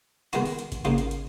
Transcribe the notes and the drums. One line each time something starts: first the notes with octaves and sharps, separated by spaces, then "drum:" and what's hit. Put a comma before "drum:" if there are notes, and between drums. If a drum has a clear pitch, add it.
D#3 G#3 B3 D#4 F#4, drum: hi-hat
drum: open hi-hat
drum: hi-hat
drum: kick G#1, hi-hat
C#3 F3 A#3 D#4, drum: hi-hat
drum: hi-hat
drum: hi-hat